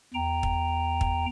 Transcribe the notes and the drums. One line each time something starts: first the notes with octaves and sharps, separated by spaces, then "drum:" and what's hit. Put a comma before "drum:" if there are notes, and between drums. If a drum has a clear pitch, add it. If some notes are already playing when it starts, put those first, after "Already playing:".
E2 G5 A#5
drum: kick
drum: kick